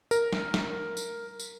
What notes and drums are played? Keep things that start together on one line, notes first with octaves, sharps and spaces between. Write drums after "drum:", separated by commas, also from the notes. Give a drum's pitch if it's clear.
A#4, drum: tambourine
drum: snare
drum: snare
drum: tambourine
drum: tambourine